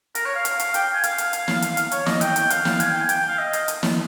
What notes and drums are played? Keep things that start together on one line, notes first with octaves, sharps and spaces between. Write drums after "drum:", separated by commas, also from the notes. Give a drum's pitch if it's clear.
A#4, drum: hi-hat
C#5
F5
drum: hi-hat
drum: hi-hat
G5, drum: hi-hat
G#5
F5, drum: hi-hat
drum: hi-hat
drum: hi-hat
drum: snare
drum: hi-hat
drum: hi-hat
C#5, drum: hi-hat
D#5, drum: snare
G5, drum: hi-hat
drum: hi-hat
F5, drum: hi-hat
drum: snare
G#5, drum: hi-hat
G5
G#5
G5, drum: hi-hat
F5
D#5
drum: hi-hat
drum: hi-hat
drum: snare